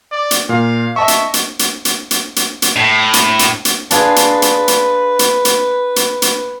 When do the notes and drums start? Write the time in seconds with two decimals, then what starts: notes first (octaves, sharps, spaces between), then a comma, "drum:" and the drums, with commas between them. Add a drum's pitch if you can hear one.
0.12 D5
0.31 drum: hi-hat
0.49 A#2 F5
0.96 D#5 E5 A5 C#6
1.08 drum: hi-hat
1.34 drum: hi-hat
1.59 drum: hi-hat
1.85 drum: hi-hat
2.11 drum: hi-hat
2.36 drum: hi-hat
2.62 drum: hi-hat
2.76 A2
3.13 drum: hi-hat
3.39 drum: hi-hat
3.65 drum: hi-hat
3.91 D4 F4 G#4 B4, drum: hi-hat
4.16 drum: hi-hat
4.42 drum: hi-hat
4.68 drum: hi-hat
5.19 drum: hi-hat
5.45 drum: hi-hat
5.96 drum: hi-hat
6.22 drum: hi-hat